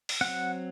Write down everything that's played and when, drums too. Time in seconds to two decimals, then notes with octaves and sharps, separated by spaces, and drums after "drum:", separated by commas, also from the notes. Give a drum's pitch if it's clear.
0.09 drum: open hi-hat
0.21 F#3 C4 F#5